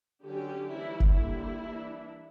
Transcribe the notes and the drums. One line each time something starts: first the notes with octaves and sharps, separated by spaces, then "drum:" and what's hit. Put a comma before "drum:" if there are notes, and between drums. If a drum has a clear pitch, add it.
D3 F#3 C#4 G4
E3 G3 A#3 C#4 E4
drum: kick F#1
D3 G3 A#3 E4
E3 A#3 D4